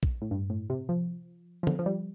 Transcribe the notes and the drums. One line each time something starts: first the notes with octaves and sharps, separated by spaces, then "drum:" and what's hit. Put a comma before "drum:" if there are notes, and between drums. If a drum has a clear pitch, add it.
drum: kick A#1
A2
G2
A2
C3
F3
F3
D3, drum: tom D3
F3
G3